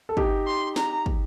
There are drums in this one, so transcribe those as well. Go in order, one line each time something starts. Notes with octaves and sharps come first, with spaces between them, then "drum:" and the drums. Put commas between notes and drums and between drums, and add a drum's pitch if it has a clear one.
A4
D#4 G4, drum: kick
C6
A#5, drum: snare
drum: kick